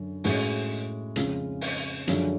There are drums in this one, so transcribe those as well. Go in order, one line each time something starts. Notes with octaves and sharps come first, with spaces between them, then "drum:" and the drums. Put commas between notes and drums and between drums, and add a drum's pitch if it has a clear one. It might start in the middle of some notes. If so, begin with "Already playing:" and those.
Already playing: F#2 D3
A2 G#3 C#4 F#4, drum: open hi-hat
F2 C#3 G#3 C#4 F4, drum: hi-hat
drum: open hi-hat
F#2 D3 F3 G#3 D4, drum: hi-hat